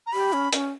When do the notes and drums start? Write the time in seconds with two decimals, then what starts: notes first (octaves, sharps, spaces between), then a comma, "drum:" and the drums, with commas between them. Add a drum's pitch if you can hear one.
0.06 A#5
0.13 G4 B5
0.33 C#4
0.53 C#4, drum: hi-hat